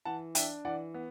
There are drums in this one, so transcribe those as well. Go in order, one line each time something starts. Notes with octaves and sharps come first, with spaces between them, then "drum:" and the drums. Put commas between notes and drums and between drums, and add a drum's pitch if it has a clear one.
E3 F#5 A5
D4 E5 G5, drum: hi-hat
E3 D5 F#5
B3